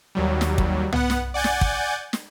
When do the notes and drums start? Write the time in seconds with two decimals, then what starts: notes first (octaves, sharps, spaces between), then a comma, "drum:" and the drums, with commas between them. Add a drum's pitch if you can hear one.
0.15 D#2 F#3 G3
0.41 drum: snare
0.58 drum: kick
0.92 B3 F#5, drum: tom C2
1.10 drum: snare
1.34 D5 F#5 G#5 G6 A6
1.44 drum: snare
1.61 drum: kick
2.13 drum: snare